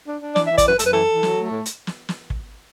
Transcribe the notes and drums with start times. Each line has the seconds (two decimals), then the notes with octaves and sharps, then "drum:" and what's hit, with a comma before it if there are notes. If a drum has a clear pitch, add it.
0.08 D4
0.22 D4
0.36 E3 D5, drum: snare
0.47 E5
0.51 E3
0.58 D5, drum: kick, hi-hat
0.66 F#2 B4
0.79 F#2 A4, drum: hi-hat
0.86 B4
0.93 E3 A4
1.08 E3
1.23 F#3, drum: snare
1.37 A3
1.51 A2
1.66 drum: hi-hat
1.87 drum: snare
2.09 drum: snare
2.30 drum: kick